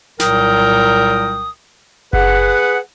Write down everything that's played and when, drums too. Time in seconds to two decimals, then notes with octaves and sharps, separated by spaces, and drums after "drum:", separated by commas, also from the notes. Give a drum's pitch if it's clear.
0.20 C2 A#2 F#3 A#4 G5 D#6, drum: snare
2.13 G#4 B4 F#5, drum: kick F#1